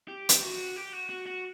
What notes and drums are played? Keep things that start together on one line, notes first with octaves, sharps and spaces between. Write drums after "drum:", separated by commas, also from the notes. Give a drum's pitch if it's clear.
G4
drum: hi-hat
F#4
G4
F#4
F#4
F#4